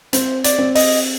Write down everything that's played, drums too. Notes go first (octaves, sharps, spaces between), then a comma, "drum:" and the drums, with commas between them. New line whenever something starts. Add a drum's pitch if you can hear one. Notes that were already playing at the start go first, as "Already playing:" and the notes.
C4 C5, drum: hi-hat
D5, drum: hi-hat
C4
D#5, drum: open hi-hat